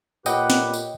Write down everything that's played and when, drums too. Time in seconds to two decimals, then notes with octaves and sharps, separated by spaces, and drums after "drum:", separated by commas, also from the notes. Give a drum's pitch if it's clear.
0.26 A#2 G4 B4 C#5 D#5 F#5 G5, drum: tambourine
0.50 drum: snare
0.74 drum: tambourine